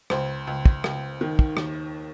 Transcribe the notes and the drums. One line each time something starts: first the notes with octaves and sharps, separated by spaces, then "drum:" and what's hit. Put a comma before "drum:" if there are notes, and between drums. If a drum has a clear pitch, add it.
C#2 C5, drum: rim click
C#2
drum: kick
C#2, drum: rim click
D#3
drum: kick
D#2, drum: rim click